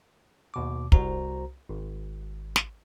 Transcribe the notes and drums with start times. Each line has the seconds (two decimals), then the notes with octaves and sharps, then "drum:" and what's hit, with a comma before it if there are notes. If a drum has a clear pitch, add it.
0.54 D#2 B2 D6
0.92 C2 F#4 C5 A#5, drum: kick
1.69 G#1
2.56 drum: snare